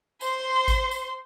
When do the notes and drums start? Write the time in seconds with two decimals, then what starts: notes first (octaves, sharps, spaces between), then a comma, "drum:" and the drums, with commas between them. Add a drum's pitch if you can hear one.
0.21 C5 C6, drum: tambourine
0.68 drum: kick G#1, tambourine
0.91 drum: tambourine